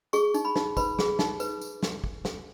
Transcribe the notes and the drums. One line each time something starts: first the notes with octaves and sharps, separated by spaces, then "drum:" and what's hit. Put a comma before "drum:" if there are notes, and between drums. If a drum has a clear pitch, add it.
G#4 C#6, drum: tambourine
D#4, drum: tambourine
B5
D#4, drum: snare
B4 B5, drum: kick, tambourine
G#4, drum: snare
D#4, drum: snare
B4, drum: tambourine
drum: tambourine
drum: snare
drum: kick
drum: snare